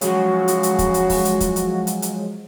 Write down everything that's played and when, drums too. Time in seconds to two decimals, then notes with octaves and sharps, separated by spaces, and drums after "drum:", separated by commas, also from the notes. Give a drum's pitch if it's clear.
0.01 C#3 F3 F#3 G#3 F#4, drum: hi-hat
0.48 drum: hi-hat
0.63 drum: hi-hat
0.79 drum: kick, hi-hat
0.94 drum: hi-hat
1.10 drum: kick, open hi-hat
1.25 drum: hi-hat
1.40 drum: kick, hi-hat
1.56 drum: hi-hat
1.87 drum: hi-hat
2.02 drum: hi-hat